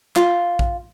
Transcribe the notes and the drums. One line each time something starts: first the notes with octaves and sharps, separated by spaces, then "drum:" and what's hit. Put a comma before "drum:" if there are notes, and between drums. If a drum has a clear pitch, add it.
F4, drum: clap
drum: kick A#1